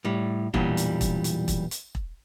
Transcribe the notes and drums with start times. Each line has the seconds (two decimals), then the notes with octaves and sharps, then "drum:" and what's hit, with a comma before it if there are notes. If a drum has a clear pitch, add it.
0.05 A2 G3
0.54 B1 E2 A#2 E3 G3 D4, drum: kick E1
0.77 drum: hi-hat
1.01 drum: kick E1, hi-hat
1.24 drum: hi-hat
1.48 drum: kick E1, hi-hat
1.71 drum: hi-hat
1.95 drum: kick E1